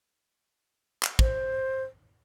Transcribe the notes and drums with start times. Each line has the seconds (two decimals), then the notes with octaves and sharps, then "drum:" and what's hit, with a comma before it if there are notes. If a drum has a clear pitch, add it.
1.03 drum: clap
1.19 C5, drum: kick